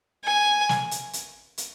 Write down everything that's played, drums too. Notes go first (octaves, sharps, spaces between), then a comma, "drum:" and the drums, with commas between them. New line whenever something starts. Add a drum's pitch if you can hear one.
G#5
drum: snare
drum: hi-hat
drum: hi-hat
drum: hi-hat